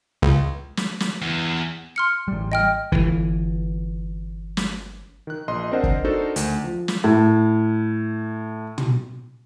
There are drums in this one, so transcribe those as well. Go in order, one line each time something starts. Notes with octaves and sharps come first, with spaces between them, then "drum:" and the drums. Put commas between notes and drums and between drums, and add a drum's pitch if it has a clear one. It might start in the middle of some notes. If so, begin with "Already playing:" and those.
C#2
drum: snare
drum: snare
E2
C6 F6 C#7
A1 G3
D#5 G5 F6
G1 C#2 E3, drum: kick
drum: snare
D#3 F#6
A#1 D#5 C6
C4 D4 A#4 C5 D#5 F#5
drum: kick
D4 D#4 F#4 A4 A#4 C5
D2, drum: hi-hat
F3
drum: snare
A2
drum: tom